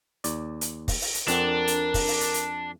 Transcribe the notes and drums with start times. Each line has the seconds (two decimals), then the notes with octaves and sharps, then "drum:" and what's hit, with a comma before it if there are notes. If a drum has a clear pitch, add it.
0.24 D#2 D5, drum: hi-hat
0.61 drum: hi-hat
0.88 drum: kick, open hi-hat
1.01 drum: open hi-hat
1.14 drum: hi-hat
1.28 F2 C4 D4 A#4 F#5, drum: hi-hat
1.68 drum: hi-hat
1.94 drum: kick, open hi-hat
2.07 drum: open hi-hat
2.21 drum: hi-hat
2.34 drum: hi-hat